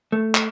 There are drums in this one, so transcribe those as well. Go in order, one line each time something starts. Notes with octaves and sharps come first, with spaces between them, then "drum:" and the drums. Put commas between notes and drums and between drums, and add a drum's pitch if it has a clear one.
A3
drum: clap